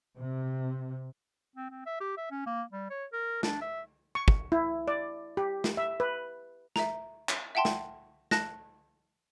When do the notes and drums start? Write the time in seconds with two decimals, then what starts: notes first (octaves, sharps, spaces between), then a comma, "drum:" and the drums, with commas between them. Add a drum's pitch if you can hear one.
0.16 C3
1.56 C4
1.71 C4
1.86 E5
2.01 G4
2.18 E5
2.31 C#4
2.47 A#3
2.73 G3
2.90 C#5
3.13 A#4
3.43 D4, drum: snare
3.62 E5
4.15 C#6
4.28 drum: kick
4.52 E4
4.88 D5
5.37 G4
5.64 drum: snare
5.77 E5
6.00 B4
6.76 E5 A#5, drum: snare
7.29 drum: clap
7.55 E5 F#5 G5 A5 C6
7.65 drum: snare
8.31 A5 F#6 A#6, drum: snare